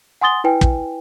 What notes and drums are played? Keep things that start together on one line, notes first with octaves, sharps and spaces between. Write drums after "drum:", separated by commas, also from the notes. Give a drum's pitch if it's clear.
F#5 G#5 C6 D#6 A6 G7
E4 B4 G5 G#5
drum: kick